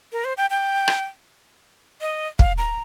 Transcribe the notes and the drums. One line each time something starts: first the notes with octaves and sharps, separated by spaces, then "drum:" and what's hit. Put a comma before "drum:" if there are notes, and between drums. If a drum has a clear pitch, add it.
A#4
C5
G5
G5
drum: rim click
D#5
F5, drum: kick
A#5